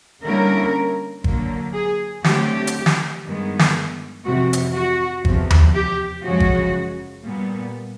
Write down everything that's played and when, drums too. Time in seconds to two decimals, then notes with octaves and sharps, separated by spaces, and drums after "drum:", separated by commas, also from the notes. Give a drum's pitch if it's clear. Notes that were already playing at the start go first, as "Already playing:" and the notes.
0.24 D3 G3 A#3 C#4 E4 A#4
1.24 D3 F#3 A#3, drum: kick
1.74 G#4
2.24 D3 F#3 A3 C4 G4, drum: snare
2.67 drum: hi-hat
2.86 drum: snare
3.24 G2 D#3 G#3 B3
3.59 drum: snare
4.24 F2 C3 E3 F#4
4.53 drum: hi-hat
4.75 F#4
5.25 E2 C3 F3, drum: kick
5.50 drum: tom D#2
5.74 G4
6.24 F#2 C#3 F3 G#3 C#4 F#4
6.40 drum: kick
7.25 A#2 G3 B3